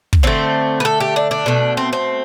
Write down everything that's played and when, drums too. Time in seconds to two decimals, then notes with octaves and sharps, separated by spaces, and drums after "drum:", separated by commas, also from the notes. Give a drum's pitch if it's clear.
0.13 drum: kick
0.23 D3 A3 C4
0.80 B4
0.85 A4
1.00 G4
1.16 D4
1.31 D4
1.46 B2 A3
1.77 C4
1.93 C4